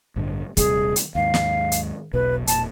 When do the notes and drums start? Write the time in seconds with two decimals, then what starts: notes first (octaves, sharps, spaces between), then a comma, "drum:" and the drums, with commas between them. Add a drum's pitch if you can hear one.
0.16 A1 G2 D3
0.57 D#1 C3 G3 G#4, drum: kick, hi-hat
0.96 drum: hi-hat
1.15 D#2 G#2 F5
1.34 drum: snare
1.72 drum: hi-hat
2.14 E1 B1 B2 B4
2.47 E1 A#2 A5, drum: hi-hat